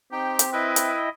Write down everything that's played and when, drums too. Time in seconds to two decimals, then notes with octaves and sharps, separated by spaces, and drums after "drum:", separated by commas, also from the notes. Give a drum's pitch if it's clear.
0.12 C4 D#4 G4 G5
0.39 drum: hi-hat
0.53 E4 B4 D#5 E5 G5
0.76 drum: hi-hat